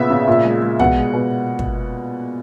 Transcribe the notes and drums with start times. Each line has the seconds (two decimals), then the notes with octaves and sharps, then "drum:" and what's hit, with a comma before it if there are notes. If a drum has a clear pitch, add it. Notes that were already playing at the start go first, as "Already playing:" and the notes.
Already playing: A#2 C#3 B3 E5
0.10 C#3
0.28 A#2
0.44 G#3
0.62 G#3
0.80 B2 F#5, drum: tom
0.97 G#3
1.14 B2
1.59 drum: kick